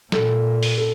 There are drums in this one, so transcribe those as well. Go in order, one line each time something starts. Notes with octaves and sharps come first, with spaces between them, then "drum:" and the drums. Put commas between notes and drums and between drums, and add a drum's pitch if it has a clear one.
A#2 A4, drum: snare
drum: open hi-hat
A4